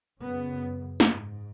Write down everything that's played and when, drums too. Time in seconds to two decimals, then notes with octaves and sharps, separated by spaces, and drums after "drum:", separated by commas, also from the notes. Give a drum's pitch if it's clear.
0.21 F#2 C#3 B3
1.00 G#2, drum: snare